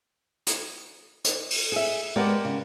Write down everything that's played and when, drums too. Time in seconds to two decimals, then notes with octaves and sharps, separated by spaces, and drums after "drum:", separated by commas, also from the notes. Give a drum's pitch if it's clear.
0.47 drum: hi-hat
1.24 drum: hi-hat
1.50 drum: open hi-hat
1.72 G#4 E5
2.16 G#3 B3 G4 A#4 D5 F#5
2.45 C#3